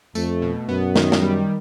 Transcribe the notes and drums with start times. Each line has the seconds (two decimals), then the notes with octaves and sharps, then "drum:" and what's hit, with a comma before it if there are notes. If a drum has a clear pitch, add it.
0.15 F2 A3, drum: tambourine
0.42 B2
0.69 F#2 B3
0.96 D#3, drum: snare
1.12 drum: snare
1.22 G3